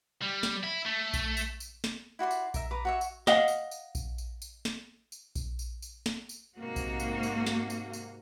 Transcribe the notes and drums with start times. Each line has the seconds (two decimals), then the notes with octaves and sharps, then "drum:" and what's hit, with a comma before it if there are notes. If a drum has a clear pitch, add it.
0.22 G3
0.43 drum: snare
0.63 E4
0.86 A3
1.13 drum: kick A#1, tambourine
1.37 drum: tambourine
1.60 drum: tambourine
1.84 drum: snare
2.19 E4 F#4 D5 C6
2.31 drum: tambourine
2.54 A#4 E5, drum: kick A#1, tambourine
2.71 B4 A#5 D6
2.85 F#4 C#5 E5
3.01 drum: tambourine
3.27 D#5 F5 F#5, drum: snare
3.48 drum: tambourine
3.71 drum: tambourine
3.95 drum: kick A#1, tambourine
4.18 drum: tambourine
4.42 drum: tambourine
4.65 drum: snare
5.12 drum: tambourine
5.35 drum: kick A#1, tambourine
5.59 drum: tambourine
5.82 drum: tambourine
6.06 drum: snare
6.29 drum: tambourine
6.58 G#2 C3 A#3 F#4
6.76 drum: kick A#1, tambourine
7.00 drum: tambourine
7.23 drum: tambourine
7.46 drum: snare
7.70 drum: tambourine
7.93 drum: tambourine